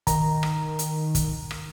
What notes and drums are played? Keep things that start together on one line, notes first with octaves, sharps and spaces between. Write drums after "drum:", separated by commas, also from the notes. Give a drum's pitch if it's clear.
D#3 A#5, drum: kick, hi-hat
drum: rim click
drum: hi-hat
drum: kick, hi-hat
drum: rim click